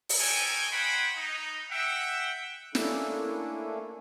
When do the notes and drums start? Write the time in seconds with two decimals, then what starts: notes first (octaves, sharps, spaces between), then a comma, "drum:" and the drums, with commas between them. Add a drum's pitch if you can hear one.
0.09 drum: open hi-hat
0.19 C#4 D#4 A4 G5 G#5
0.71 D#4 C5 C#5 F#5 G5 B5
1.17 D#4
1.71 E5 F#5 G5
2.75 A3 A#3 C#4 D4 E4 A4, drum: snare